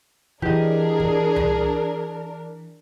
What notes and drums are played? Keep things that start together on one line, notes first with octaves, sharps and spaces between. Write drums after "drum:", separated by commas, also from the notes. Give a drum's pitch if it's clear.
E3 D4 G4 G#4 A#4 D#5, drum: kick
drum: kick
drum: tom C2